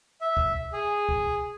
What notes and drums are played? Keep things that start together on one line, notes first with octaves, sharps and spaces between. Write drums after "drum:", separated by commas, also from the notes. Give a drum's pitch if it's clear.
E5
drum: kick
G#4
drum: kick